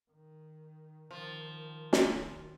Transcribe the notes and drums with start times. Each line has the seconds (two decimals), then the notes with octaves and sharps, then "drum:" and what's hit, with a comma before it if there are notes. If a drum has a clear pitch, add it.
0.11 D#3
1.11 D#3 F3
1.93 D#3, drum: snare